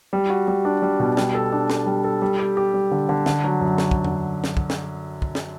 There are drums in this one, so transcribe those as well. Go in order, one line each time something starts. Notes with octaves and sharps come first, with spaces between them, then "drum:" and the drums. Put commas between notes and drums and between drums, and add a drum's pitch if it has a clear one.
G3
F#4
G3
D4
G3
B2
G3, drum: snare
A4
D4
A4, drum: snare
G3
A4
G3
G4
G4
G3
D3
D3
D3, drum: snare
F#3
F#2
drum: snare
drum: kick
drum: tom E2
drum: snare
drum: kick
drum: snare
drum: kick
drum: snare